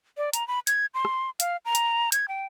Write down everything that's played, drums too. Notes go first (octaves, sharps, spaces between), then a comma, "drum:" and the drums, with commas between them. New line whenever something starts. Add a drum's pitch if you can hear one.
D5
A#5, drum: hi-hat
B5
G#6, drum: hi-hat
C6
drum: rim click
F5, drum: hi-hat
A#5
drum: hi-hat
G#6, drum: hi-hat
G5